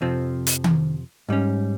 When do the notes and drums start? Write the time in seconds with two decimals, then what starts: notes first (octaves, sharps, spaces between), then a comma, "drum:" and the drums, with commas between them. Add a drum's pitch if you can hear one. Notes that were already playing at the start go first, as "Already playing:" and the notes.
0.01 F2 C3 F3 C4
0.47 drum: hi-hat
0.64 drum: tom D#3
1.29 G#2 G3 C#4